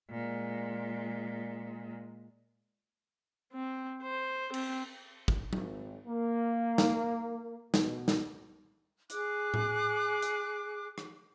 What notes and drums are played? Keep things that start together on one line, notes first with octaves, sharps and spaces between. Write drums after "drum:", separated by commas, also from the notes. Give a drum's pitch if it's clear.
A#2 G#3
C4
C5
C4, drum: cymbal
drum: kick
G#1, drum: tom F#3
A#3
drum: snare
B2, drum: snare
drum: snare
G#4 D6 F#6, drum: hi-hat
drum: tom A2
drum: hi-hat
drum: rim click